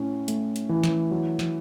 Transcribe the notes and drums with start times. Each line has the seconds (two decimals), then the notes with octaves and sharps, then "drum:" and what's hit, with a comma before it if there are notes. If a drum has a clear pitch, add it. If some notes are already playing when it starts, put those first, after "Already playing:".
Already playing: A2 C#4
0.28 A3, drum: hi-hat
0.56 drum: hi-hat
0.69 E3
0.83 drum: snare
1.11 F#3
1.39 drum: snare